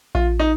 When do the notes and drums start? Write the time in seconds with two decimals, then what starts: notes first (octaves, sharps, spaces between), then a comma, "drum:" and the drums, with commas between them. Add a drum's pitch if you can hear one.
0.15 F4, drum: kick A#1
0.39 D#4